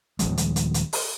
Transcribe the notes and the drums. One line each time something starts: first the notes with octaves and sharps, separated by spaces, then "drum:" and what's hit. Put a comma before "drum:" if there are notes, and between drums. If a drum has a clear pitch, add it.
D#1 G#1 F3 G#3, drum: hi-hat
drum: hi-hat
drum: hi-hat
drum: hi-hat
drum: open hi-hat